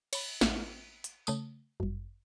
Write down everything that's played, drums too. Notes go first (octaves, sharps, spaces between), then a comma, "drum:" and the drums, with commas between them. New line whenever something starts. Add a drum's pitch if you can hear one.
C#5 B5, drum: cymbal
A1, drum: snare
drum: hi-hat
C#3 A3 D#6, drum: tambourine
G1 F#2